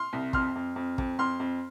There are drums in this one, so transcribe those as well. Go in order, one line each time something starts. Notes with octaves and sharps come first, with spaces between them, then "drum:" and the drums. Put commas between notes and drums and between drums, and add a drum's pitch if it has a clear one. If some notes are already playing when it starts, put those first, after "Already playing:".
Already playing: C6 F6
C2
F2 C6 F6, drum: kick
F2
F2
F2, drum: kick
F2 C6 F6
F2